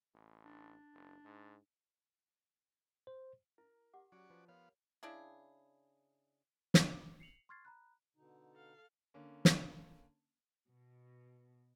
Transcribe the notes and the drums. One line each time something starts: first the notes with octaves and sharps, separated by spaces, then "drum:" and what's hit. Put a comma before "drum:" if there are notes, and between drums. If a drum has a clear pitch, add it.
A1
D4
F#1
G#2
C5
E4 A#4
G4 F#5 D6
F#3 C#4 F#4 D5
F3 B4
F3 B3 A#4 C#5 F5
C#3 D4 E4 G#4
drum: snare
D6
C7 C#7 F7 F#7
C6 C#6 F6 G#6 A6 C7
A#5 B5 F#6
B2 D3 D#4
A4 F5
D3 A#3 C#4
drum: snare
B2